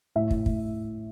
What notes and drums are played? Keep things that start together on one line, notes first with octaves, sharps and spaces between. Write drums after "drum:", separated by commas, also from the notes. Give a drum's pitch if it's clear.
A2 E5
drum: kick
A2, drum: kick